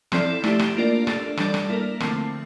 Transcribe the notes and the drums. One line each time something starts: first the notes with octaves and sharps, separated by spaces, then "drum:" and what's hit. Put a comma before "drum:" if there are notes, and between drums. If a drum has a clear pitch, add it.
F3 C4 E4 A4 D5, drum: rim click
A3 E4 G4, drum: rim click
drum: rim click
A#3 D4 F4 A#4 D5
A3 D4 A4, drum: rim click
E3 G3 D4 A4 D5, drum: rim click
drum: rim click
A#3 E4 A#4
D3 F3 A3 C4, drum: rim click